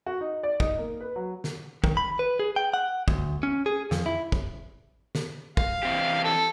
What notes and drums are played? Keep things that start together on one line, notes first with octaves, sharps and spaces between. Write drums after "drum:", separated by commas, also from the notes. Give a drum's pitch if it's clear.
F#4
D#4
D5
D#4, drum: kick
A#3
B4
F#3
drum: snare
D#3, drum: kick
B5
B4
G#4
G5
F#5
D2, drum: kick
C#4
G#4
F2, drum: snare
E4
drum: kick
drum: snare
F5, drum: kick
E3 C4 G4
A4